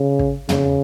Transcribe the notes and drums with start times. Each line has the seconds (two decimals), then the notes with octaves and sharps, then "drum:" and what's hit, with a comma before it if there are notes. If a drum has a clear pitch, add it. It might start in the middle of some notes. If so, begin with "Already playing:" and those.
Already playing: C#3
0.19 drum: kick
0.49 C#3, drum: tom